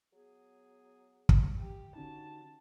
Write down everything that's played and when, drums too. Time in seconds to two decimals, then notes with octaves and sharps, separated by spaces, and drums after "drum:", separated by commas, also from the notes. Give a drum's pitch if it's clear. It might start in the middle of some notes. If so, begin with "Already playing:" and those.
0.12 F#3 B3 G#4
1.29 drum: kick
1.59 G4
1.96 D3 C#4 D#4 F#4 A5